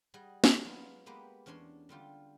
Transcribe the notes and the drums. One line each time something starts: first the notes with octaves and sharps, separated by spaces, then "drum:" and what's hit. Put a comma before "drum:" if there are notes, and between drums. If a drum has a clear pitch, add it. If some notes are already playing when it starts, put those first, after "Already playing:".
G3 G#4 D#5 F#5
drum: snare
F#3 G#3 B3 F4
G#3 A#3 B3 G4 B4
E2 C#4 D4 C#5 C6
D3 G3 F4 G4